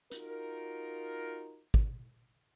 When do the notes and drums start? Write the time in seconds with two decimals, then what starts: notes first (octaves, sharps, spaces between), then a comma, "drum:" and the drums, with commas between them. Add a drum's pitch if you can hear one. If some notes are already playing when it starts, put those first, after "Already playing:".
0.11 D#4 F4 F#4 A#4, drum: hi-hat
1.74 drum: kick